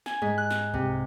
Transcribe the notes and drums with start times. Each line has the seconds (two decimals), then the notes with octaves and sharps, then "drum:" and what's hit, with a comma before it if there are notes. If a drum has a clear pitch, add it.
0.06 G#5, drum: snare
0.22 G#2
0.38 F#6
0.50 drum: snare
0.74 C3, drum: kick C2